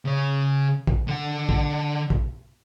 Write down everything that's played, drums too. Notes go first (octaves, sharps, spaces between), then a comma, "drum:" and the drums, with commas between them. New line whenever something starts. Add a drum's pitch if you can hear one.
C#3 C#5
drum: kick
D3 F#5
drum: kick
drum: kick